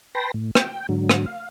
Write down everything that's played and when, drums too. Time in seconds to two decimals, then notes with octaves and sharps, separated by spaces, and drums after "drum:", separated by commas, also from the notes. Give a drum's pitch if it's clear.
0.15 B4 G5 A5 B5 C6 A#6
0.34 A2
0.55 G5, drum: rim click
0.89 G#2 D3 F#3
1.09 drum: rim click
1.26 F5